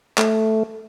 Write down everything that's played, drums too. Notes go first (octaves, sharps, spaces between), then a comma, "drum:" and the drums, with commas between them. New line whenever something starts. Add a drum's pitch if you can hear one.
A3, drum: clap